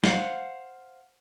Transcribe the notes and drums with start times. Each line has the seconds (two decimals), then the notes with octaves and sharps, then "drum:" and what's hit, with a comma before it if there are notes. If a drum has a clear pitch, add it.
0.04 C5 F5 F#5, drum: snare